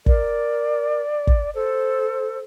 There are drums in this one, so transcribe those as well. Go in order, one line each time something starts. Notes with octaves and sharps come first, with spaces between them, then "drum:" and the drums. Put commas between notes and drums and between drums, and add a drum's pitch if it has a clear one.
A#4 D5, drum: kick
drum: kick
A4 C5